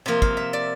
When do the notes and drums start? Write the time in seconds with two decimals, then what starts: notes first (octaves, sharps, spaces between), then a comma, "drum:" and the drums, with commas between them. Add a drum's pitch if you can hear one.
0.06 C3 F3 A#3
0.22 F5, drum: kick
0.37 E5
0.53 D5